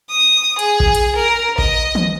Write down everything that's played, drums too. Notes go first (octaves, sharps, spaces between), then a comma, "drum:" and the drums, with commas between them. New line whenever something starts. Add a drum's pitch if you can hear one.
D#6
G#4, drum: hi-hat
drum: kick A1
drum: hi-hat
A#4
D#5, drum: kick A1
drum: tom